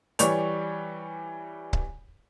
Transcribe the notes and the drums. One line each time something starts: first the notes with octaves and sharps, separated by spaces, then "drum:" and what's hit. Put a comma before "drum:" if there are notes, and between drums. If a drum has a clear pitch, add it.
E3 G3 C#5 D5 C#6 F7, drum: hi-hat
drum: kick C#1